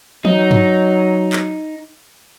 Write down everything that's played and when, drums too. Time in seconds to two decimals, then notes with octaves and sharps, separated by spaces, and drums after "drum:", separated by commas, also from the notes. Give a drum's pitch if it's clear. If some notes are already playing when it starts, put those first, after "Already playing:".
0.25 F#3 D#4, drum: tom E3
0.51 drum: tom G2
1.33 drum: clap